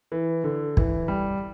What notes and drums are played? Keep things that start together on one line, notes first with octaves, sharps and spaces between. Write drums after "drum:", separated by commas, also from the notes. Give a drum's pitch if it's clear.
E3
D3
E3, drum: kick
G3